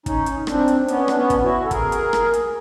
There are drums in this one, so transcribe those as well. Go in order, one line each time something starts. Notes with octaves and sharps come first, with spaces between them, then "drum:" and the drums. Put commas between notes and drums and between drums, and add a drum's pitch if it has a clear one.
C#4 D#4, drum: kick, hi-hat
drum: hi-hat
C4 D4, drum: rim click
drum: hi-hat
B3 C#4, drum: hi-hat
D4, drum: rim click
B3 C#4
drum: kick, hi-hat
E4 F#4
A4
G#4 A#4, drum: kick, hi-hat
drum: hi-hat
drum: rim click
drum: hi-hat